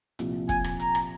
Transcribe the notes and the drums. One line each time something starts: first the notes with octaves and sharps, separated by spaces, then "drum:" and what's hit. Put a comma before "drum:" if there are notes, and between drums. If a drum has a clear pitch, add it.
C2 A#2 F3, drum: hi-hat
G#5, drum: kick, hi-hat
drum: rim click
A#5, drum: hi-hat
drum: rim click